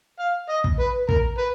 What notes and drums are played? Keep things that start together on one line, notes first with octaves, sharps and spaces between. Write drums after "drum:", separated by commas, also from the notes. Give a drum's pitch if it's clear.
F5
D#5
drum: kick
B4
A#4, drum: kick
B4